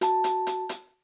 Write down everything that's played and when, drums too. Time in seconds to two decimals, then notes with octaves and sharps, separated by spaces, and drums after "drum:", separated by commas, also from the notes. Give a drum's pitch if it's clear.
0.01 F#4 A5, drum: hi-hat
0.24 drum: hi-hat
0.47 drum: hi-hat
0.69 drum: hi-hat